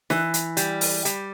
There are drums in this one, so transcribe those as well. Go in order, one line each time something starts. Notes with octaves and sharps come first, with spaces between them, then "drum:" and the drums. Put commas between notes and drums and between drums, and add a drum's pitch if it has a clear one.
E3, drum: snare
drum: hi-hat
G3, drum: hi-hat
drum: open hi-hat
G3, drum: hi-hat